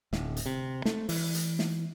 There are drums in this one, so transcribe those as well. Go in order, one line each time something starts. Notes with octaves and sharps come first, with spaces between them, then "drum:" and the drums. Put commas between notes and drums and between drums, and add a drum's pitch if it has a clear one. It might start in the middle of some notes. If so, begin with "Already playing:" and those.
D1, drum: snare
drum: hi-hat
C3
A3, drum: snare
E3, drum: open hi-hat
drum: hi-hat
drum: snare